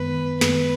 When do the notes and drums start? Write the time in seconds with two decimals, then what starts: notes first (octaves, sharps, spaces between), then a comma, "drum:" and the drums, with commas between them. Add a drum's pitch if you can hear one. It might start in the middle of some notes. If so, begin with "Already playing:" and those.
Already playing: F#2 D#3 G#3 B3 B4
0.41 F#2 D#3 G#3 B3 B4, drum: snare